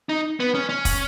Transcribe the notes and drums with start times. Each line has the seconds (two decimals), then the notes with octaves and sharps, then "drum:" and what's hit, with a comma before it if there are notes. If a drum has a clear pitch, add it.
0.09 D#4
0.40 B3
0.55 C#4
0.69 C#4
0.85 drum: kick, open hi-hat